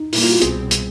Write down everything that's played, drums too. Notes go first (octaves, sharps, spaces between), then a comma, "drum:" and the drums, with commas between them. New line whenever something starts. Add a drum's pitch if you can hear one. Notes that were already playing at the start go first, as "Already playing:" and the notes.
Already playing: D#4
A#2 G3 A#3 E4, drum: open hi-hat
F4
F#4
C2 B2 G3 C4 G#4, drum: hi-hat
drum: hi-hat